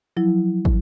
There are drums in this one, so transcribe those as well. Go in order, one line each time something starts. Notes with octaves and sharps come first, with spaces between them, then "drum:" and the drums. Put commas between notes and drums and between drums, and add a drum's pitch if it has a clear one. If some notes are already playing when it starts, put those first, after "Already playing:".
F3 F#3 E4
drum: kick